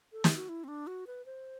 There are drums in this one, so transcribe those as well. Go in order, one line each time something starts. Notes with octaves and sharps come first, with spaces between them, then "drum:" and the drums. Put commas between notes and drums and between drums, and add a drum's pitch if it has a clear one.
A4
G4, drum: snare
F#4
E4
C4
D4
F#4
B4
C5